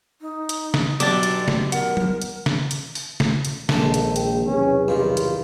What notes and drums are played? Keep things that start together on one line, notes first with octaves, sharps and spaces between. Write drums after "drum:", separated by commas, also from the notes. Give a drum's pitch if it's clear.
D#4
drum: hi-hat
drum: snare
B1 B3 D4 G4 A4 D5 D6 A6, drum: hi-hat
drum: hi-hat
drum: snare
A#4 F#5, drum: hi-hat
drum: tom
drum: hi-hat
drum: snare
drum: hi-hat
drum: open hi-hat
drum: snare
drum: hi-hat
A#1 D#3 G#3 A#3 A4, drum: snare
drum: hi-hat
G5, drum: hi-hat
B1 E2 C3 C#4
G2 D#3 F4
drum: hi-hat